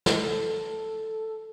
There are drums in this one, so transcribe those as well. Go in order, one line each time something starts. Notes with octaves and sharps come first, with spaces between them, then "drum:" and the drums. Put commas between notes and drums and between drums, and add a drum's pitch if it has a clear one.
A4, drum: snare